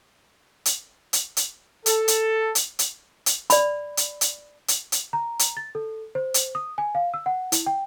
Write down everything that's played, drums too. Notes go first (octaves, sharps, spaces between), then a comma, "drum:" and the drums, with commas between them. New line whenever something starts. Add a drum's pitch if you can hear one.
drum: hi-hat
drum: hi-hat
drum: hi-hat
A4, drum: hi-hat
drum: hi-hat
drum: hi-hat
drum: hi-hat
drum: hi-hat
D5 B5, drum: hi-hat
drum: hi-hat
drum: hi-hat
drum: hi-hat
drum: hi-hat
A#5
drum: hi-hat
A6
A4
C5
drum: hi-hat
D#6
G#5
F5
E6
F#5
E4, drum: hi-hat
G5